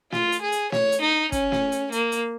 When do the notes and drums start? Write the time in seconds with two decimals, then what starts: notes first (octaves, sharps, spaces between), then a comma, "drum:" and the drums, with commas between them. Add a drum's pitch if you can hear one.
0.12 F4, drum: snare
0.32 drum: hi-hat
0.42 G#4
0.52 drum: hi-hat
0.72 C#5, drum: snare
0.92 drum: hi-hat
1.02 D#4
1.32 C#4, drum: kick, hi-hat
1.52 drum: snare
1.72 drum: hi-hat
1.92 A#3, drum: hi-hat
2.12 drum: hi-hat